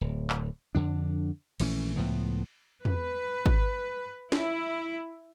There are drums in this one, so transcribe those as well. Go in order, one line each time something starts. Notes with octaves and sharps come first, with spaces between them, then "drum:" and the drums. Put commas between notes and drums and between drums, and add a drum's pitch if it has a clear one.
D1
drum: clap
F2 D3 D4
A#1 E3 A3 C#4, drum: cymbal
C#2 A2 F3 B3
B4, drum: tom E2
drum: kick G#1
E4, drum: snare